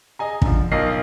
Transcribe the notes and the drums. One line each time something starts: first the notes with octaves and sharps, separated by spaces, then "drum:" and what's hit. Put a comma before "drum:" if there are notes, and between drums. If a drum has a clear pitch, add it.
G#4 D#5 G#5 A#5
D3 F3, drum: kick
B1 F4 A#4 D#5 C7